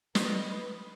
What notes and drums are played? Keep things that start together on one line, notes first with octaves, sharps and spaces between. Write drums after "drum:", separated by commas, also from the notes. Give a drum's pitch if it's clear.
B4 D#5, drum: snare